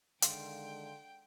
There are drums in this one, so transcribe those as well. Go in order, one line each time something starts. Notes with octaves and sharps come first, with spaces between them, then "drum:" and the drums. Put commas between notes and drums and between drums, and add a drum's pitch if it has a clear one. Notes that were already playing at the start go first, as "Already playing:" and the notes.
D3 D#3 G#3 F5 G5 C6, drum: hi-hat